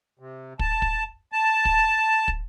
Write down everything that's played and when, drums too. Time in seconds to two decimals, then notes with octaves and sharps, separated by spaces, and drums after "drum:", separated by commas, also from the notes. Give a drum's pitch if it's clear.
0.19 C3
0.59 A5, drum: kick
0.82 drum: kick
1.32 A5
1.65 drum: kick
2.28 drum: kick